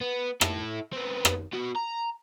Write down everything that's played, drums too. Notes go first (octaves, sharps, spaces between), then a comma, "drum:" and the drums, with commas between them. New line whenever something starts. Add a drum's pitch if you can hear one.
B3
E4 A4, drum: rim click
B3 C4
drum: rim click
B3 F#4
A#5